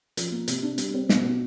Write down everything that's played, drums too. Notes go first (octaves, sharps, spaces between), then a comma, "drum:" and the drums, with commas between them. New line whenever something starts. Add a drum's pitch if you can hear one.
F3, drum: hi-hat
A#3
C3, drum: hi-hat
D4
G3, drum: hi-hat
C4
B2, drum: snare
B2